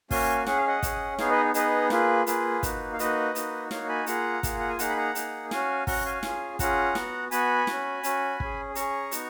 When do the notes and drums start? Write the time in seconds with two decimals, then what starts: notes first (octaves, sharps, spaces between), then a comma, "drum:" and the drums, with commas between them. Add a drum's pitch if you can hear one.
0.11 A#3 C#4 F#4 F5 G#5, drum: kick, open hi-hat
0.46 C#4 G#4 F#5, drum: snare
0.57 F5
0.67 D#5 F#5
0.83 C#4 G#4, drum: kick, hi-hat
1.19 B3 D#4 G#4 C#5 F5, drum: snare
1.31 B4 D#5
1.54 B3 D#4 G#4 B4 D#5, drum: hi-hat
1.90 A#3 F4 G#4 B4, drum: snare
2.27 A#3 F4 G#4 B4, drum: hi-hat
2.63 A#3 D#4 F#4, drum: kick, hi-hat
2.93 F5
2.99 A#3 D#4 F#4 B4 D#5, drum: hi-hat
3.35 A#3 D#4 F#4, drum: hi-hat
3.71 A#3 D#4 F#4 C#5 F5, drum: snare
3.89 G#5 B5
4.06 A#3 F4 G#4 F#5 A#5, drum: hi-hat
4.43 A#3 F4 G#4, drum: kick, hi-hat
4.60 F#5
4.69 G#5
4.79 A#3 D#4 G#4 F#5 A#5, drum: hi-hat
4.89 B5
4.97 F#5 A#5
5.15 A#3 D#4 G#4, drum: hi-hat
5.51 C#4 F#4 F5 G#5, drum: snare
5.87 C#4 F#4 F#5 A#5, drum: kick, open hi-hat
6.05 F5 G#5
6.23 C#4 F4 G#4, drum: snare
6.59 C#4 F4 G#4 F#5 A#5, drum: kick, hi-hat
6.95 B3 F#4, drum: snare
7.31 B3 F#4 G#5 B5, drum: hi-hat
7.67 C#4 F#4, drum: snare
8.03 C#4 F#4, drum: hi-hat
8.40 C#4 G#4, drum: kick
8.75 C#4 G#4 A#5 C#6, drum: hi-hat
9.11 B3 D#4 F#4, drum: hi-hat